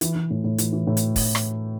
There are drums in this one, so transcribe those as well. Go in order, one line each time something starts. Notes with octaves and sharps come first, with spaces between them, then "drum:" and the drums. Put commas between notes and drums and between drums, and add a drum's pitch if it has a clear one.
E3, drum: hi-hat
E3
A2
A2
E3, drum: hi-hat
E3
A2
drum: hi-hat
drum: kick, open hi-hat
drum: rim click